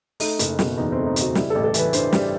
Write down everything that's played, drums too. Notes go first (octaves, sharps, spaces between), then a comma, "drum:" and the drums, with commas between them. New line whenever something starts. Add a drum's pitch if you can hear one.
A3 D#4, drum: open hi-hat
F#1, drum: hi-hat
B2, drum: snare
E2 D#4
A3 C4
D#4
F#1 F#4, drum: hi-hat
G3 E4, drum: snare
A1 A4
A4
E3 B4, drum: hi-hat
G2 C5, drum: hi-hat
G3, drum: snare